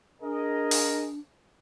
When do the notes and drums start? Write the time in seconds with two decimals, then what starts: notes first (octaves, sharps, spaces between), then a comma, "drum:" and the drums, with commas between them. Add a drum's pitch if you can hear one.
0.22 D4 G#4 A#4 D#5
0.71 drum: open hi-hat